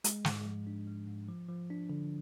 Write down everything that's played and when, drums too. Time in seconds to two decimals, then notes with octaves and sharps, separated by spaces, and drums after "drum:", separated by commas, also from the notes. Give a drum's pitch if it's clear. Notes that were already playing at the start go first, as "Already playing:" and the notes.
0.04 G#3, drum: hi-hat
0.25 G#2, drum: snare
0.46 F3
0.67 D4
0.87 G#3
1.07 G#2
1.29 F3
1.49 F3
1.70 D4
1.90 D3